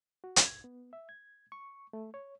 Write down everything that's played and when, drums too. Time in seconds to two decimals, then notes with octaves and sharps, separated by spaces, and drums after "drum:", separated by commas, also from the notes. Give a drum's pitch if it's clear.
0.24 F#4
0.36 drum: hi-hat
0.47 G#6
0.64 B3
0.93 E5
1.09 G#6
1.52 C#6
1.93 A3
2.14 C#5